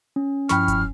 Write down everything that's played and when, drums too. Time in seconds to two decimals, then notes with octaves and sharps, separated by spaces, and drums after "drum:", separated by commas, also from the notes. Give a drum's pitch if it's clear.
0.16 C#4
0.49 G2 F3 E4 G5 B5 C#6 F6, drum: snare
0.68 drum: kick F1, hi-hat